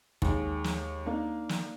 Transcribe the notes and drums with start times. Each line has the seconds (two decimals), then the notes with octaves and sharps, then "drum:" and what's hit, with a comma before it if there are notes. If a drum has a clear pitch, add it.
0.22 D#2 G#3, drum: kick
0.64 drum: snare
1.06 A#3 D4 D#4
1.49 drum: snare